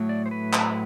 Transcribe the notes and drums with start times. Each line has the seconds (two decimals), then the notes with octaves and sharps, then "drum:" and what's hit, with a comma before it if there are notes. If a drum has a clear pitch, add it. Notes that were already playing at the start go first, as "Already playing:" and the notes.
Already playing: A2 F#3 A3
0.09 D5
0.26 C5
0.31 B4
0.53 drum: clap